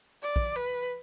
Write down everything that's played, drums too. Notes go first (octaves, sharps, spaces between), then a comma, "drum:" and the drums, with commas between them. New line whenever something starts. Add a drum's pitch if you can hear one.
D5
drum: kick
B4